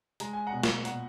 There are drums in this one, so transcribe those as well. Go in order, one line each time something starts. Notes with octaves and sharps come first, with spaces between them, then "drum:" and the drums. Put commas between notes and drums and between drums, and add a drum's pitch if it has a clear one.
G#3 A#5, drum: hi-hat
G#5
F#5 A#5
B2
drum: snare
A#2 F#5 A#5, drum: hi-hat